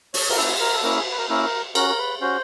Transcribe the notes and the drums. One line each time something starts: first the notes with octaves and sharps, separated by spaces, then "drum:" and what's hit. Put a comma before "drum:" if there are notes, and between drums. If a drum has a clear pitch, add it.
C#5, drum: open hi-hat
A#4, drum: cymbal
A#3 C#4 E4 A4
A#4
A4
A#3 C#4 E4 A#4
G#4
B4
A#4
A#3 C#4 E4 A#4
C#4 F#4 A#4, drum: cymbal
A#4
B4
C#4 F#4 C5